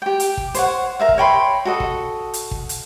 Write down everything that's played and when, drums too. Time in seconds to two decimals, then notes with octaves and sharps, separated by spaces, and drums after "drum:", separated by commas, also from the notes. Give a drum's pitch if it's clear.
0.02 G4 G5
0.20 drum: hi-hat
0.37 drum: kick
0.54 C5 C#5 F#5, drum: hi-hat
0.99 A#4 E5 F5
1.09 drum: kick
1.18 C#5 G5 B5 C6
1.65 F#4 A4 D#5
1.80 drum: kick
2.34 drum: hi-hat
2.51 drum: kick
2.69 drum: hi-hat